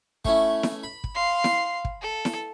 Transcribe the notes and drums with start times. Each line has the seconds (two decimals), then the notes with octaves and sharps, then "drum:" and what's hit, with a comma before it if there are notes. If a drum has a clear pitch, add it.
0.25 A3 C#4 E4, drum: kick
0.63 drum: snare E4
0.83 B5
1.04 drum: kick
1.15 F5 C6
1.44 drum: snare E4
1.85 drum: kick
2.01 A4
2.25 drum: snare E4